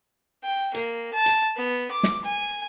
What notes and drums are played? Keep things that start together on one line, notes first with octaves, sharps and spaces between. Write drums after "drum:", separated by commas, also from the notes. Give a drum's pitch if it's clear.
G5
A#3, drum: hi-hat
A5
drum: hi-hat
B3
D6
drum: snare
G#5